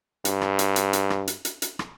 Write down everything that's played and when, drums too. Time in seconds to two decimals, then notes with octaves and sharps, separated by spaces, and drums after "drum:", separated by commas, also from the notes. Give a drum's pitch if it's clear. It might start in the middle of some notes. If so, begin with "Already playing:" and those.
0.25 G2, drum: hi-hat
0.42 drum: rim click
0.59 drum: hi-hat
0.76 drum: hi-hat
0.93 drum: hi-hat
1.10 drum: rim click
1.28 drum: hi-hat
1.45 drum: hi-hat
1.62 drum: hi-hat
1.79 drum: rim click